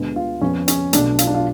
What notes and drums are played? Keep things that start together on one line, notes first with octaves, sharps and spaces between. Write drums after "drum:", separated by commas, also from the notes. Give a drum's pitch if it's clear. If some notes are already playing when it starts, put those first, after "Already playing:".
Already playing: D2 D3 G#3 B3
F4
F2 F3 B3 C#4
C#4, drum: hi-hat
B1 B2 F#3 A3 D4, drum: hi-hat
F4, drum: hi-hat
D4
F4